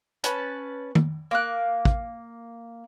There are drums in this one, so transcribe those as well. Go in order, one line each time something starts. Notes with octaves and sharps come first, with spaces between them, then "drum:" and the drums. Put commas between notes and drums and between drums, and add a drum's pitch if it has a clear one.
C#4 B4 A5, drum: hi-hat
drum: tom
A#3 D6 F#6
drum: kick